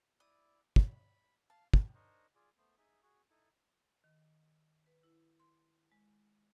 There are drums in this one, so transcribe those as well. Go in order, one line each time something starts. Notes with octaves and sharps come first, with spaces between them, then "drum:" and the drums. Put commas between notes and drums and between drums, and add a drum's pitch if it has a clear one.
E4 D5 D#6
B5, drum: kick
F5 A5
drum: kick
D4 D#4 A#4 C5 C#5 D#5
F4 G#4 D5
A3 B3 C5
D#4 G#4 E5
F#4 G#4
D#4 E4 A4
D#3
B4
E4
C6
G#3